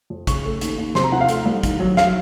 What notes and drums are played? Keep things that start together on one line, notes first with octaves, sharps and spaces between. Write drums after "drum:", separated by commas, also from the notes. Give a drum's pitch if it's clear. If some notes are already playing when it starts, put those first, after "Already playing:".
F2
C#3 C#6, drum: kick, hi-hat
A3
D#2, drum: hi-hat
D#2
C3 C6, drum: snare
A#5
F3 F#5
F5
A3, drum: hi-hat
C2
D#3, drum: kick, hi-hat
F#3
F5, drum: snare